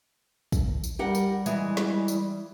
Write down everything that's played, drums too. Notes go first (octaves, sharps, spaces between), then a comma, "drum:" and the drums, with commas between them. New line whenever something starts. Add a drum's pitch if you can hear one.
drum: kick, tambourine
drum: tambourine
G3 G4 A#4 F#5
drum: tambourine
E3 G#3, drum: tambourine
drum: snare
drum: tambourine